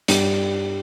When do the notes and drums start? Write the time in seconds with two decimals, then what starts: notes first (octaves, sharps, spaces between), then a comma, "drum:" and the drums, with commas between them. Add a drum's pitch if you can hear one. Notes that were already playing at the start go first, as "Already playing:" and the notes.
0.08 G2 G3, drum: hi-hat